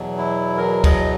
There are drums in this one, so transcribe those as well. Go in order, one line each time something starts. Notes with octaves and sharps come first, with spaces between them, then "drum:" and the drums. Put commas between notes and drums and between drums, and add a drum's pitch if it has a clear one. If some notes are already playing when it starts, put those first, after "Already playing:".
Already playing: E2 B2 F#3
E4
A#4
D#5, drum: kick, cymbal